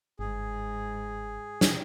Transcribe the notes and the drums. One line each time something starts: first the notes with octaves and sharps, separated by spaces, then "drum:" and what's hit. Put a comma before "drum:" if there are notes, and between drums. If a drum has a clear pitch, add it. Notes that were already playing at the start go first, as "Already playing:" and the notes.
G1 G#2 G#4
drum: snare